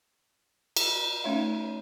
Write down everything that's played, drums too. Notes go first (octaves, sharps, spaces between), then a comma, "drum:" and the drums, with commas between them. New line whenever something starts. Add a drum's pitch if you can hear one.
drum: cymbal
A3 C#4 D#4 C#5 E5 F5